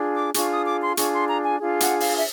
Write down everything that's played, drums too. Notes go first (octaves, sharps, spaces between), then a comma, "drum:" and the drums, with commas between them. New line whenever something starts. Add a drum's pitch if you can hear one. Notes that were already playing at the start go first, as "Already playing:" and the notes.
Already playing: D4 F4 G#4
D6
D4 F4 G#4 C#6, drum: hi-hat
D#6
D6
C6
D4 F4 G#4 C#6, drum: hi-hat
C6
A#5
G#5
D4 F4 G#4
F#5, drum: hi-hat
F5, drum: open hi-hat
E5